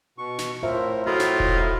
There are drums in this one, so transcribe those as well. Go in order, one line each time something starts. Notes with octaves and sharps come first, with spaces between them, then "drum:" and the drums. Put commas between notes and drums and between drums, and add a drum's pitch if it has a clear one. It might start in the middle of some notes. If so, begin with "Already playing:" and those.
B2 C#6
drum: snare
A2 F4 A#4 C5 E5
A2 F4 F#4 D#5 A#5 B5
drum: snare
drum: kick E1